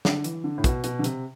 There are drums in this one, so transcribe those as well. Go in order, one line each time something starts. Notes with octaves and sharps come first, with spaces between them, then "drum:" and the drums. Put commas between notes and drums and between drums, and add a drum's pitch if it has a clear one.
D3, drum: snare
E3, drum: hi-hat
D3
A2
B2, drum: kick, hi-hat
B2, drum: hi-hat
D3
C3, drum: hi-hat